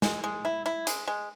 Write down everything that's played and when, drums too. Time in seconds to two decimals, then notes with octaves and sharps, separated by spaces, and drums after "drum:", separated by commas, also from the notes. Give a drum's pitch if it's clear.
0.02 G#3, drum: snare
0.24 G#3
0.45 E4
0.66 E4
0.87 G#3, drum: hi-hat
1.08 G#3